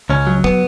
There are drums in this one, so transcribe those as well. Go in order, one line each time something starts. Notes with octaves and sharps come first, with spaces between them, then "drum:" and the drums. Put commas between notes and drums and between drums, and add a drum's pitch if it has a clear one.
C#2 C#4
F#3
B3, drum: kick